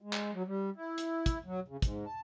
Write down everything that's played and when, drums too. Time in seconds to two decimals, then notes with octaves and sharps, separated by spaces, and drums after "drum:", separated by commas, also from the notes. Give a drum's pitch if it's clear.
0.01 G#3
0.13 drum: clap
0.33 F#3
0.47 G3
0.76 E4
0.98 drum: hi-hat
1.26 drum: kick, hi-hat
1.45 F#3
1.68 C#3
1.82 G#2, drum: kick, hi-hat
2.06 A5